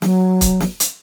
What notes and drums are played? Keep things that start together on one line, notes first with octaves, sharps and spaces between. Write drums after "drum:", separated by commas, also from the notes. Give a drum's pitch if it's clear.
F#3, drum: snare
drum: kick C#1, hi-hat
drum: snare
drum: hi-hat